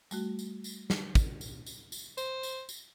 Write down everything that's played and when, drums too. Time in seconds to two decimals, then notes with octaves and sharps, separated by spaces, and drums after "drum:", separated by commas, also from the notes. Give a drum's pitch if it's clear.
0.11 G3 A3 F#4, drum: tambourine
0.39 drum: tambourine
0.64 drum: tambourine
0.90 drum: snare
1.15 drum: kick, tambourine
1.41 drum: tambourine
1.67 drum: tambourine
1.92 drum: tambourine
2.18 C5, drum: tambourine
2.43 drum: tambourine
2.69 drum: tambourine